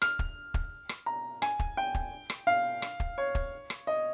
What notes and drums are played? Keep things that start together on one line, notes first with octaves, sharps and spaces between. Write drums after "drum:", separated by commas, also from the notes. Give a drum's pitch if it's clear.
F6, drum: rim click
drum: kick
drum: kick
drum: rim click
A#5
G#5, drum: rim click
drum: kick
G5
drum: kick
drum: rim click
F5
drum: rim click
drum: kick
C#5
drum: kick
drum: rim click
D#5